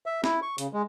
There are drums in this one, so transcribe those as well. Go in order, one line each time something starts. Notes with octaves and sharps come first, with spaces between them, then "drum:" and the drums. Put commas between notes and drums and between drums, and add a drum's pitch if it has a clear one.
E5
E4, drum: snare
C#6
C#3, drum: hi-hat
G#3